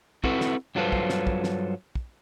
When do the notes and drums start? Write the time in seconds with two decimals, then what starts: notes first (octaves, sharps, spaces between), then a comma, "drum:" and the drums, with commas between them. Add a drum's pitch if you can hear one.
0.24 C4 E4 F#4 A4 B4, drum: kick
0.41 drum: snare
0.75 G2 F#3 F4 A4 B4 C5
0.92 drum: kick
1.10 drum: snare
1.27 drum: kick
1.44 drum: snare
1.95 drum: kick